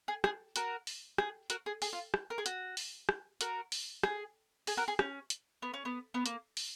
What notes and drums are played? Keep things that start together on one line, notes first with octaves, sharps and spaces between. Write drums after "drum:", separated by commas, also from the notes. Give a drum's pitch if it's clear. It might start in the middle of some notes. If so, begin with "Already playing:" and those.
G#4
G#4, drum: rim click
F#4 A#4, drum: hi-hat
drum: open hi-hat
G#4, drum: rim click
F#4 A#4, drum: hi-hat
G#4
G#4, drum: open hi-hat
F4
drum: rim click
A#4
G#4
F#4, drum: hi-hat
drum: open hi-hat
drum: rim click
F#4 A#4, drum: hi-hat
drum: open hi-hat
G#4, drum: rim click
G#4, drum: open hi-hat
F#4 A#4
G#4
C#4, drum: rim click
drum: hi-hat
B3
C#4
B3
B3
A#3, drum: hi-hat
drum: open hi-hat